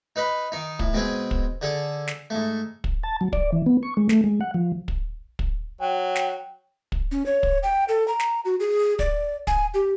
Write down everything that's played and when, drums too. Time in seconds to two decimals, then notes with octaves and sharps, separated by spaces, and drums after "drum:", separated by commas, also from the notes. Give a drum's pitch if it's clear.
0.16 D#4 B4 D#5 B5
0.52 D#3 D#4
0.79 A2, drum: kick
0.93 B2 G#3 C4 G#4
1.31 drum: kick
1.62 D3 G#4 A4
2.07 drum: snare
2.30 G#2 A3
2.84 drum: kick
3.03 A5
3.21 F#3
3.33 D5, drum: kick
3.52 E3
3.66 B3
3.83 C#6
3.97 G#3
4.09 A3, drum: snare
4.24 G#3
4.41 F#5
4.54 F3
4.88 drum: kick
5.39 drum: kick
5.81 F#3 G5
6.15 drum: snare
6.92 drum: kick
7.11 C#4
7.26 C#5
7.43 drum: kick
7.63 G5
7.88 A4
8.08 A#5
8.19 drum: snare
8.45 F#4
8.60 G#4
8.99 D5, drum: kick
9.47 G#5, drum: kick
9.74 G4